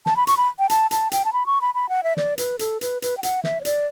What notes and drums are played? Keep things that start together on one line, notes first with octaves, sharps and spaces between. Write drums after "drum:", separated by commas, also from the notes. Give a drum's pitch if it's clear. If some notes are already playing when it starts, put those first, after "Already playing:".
A5, drum: snare
B5
C#6, drum: hi-hat
B5
G5
A5, drum: hi-hat
A5, drum: hi-hat
G5, drum: hi-hat
A5
B5
C#6
B5
B5
F#5
E5
D5, drum: snare
B4, drum: hi-hat
A4, drum: hi-hat
B4, drum: hi-hat
B4, drum: hi-hat
G5
F#5, drum: hi-hat
E5, drum: snare
C#5
D5, drum: hi-hat